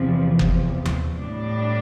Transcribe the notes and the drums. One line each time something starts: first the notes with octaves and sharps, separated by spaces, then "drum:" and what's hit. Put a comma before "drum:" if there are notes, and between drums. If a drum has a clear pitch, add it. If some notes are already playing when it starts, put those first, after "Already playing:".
Already playing: E2 C3 F3
drum: kick F#1
drum: tom D#2
A2 G3 D4